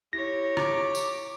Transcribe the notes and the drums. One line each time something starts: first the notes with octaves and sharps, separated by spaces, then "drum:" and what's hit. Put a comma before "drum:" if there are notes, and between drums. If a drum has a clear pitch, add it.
E4 G4 C#5 A#6
D6, drum: rim click
drum: tambourine